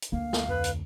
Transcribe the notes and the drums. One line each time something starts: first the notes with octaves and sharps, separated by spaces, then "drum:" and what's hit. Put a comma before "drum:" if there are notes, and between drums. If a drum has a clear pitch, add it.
drum: hi-hat
D2 A#3 F5
drum: snare
F2 B4
drum: hi-hat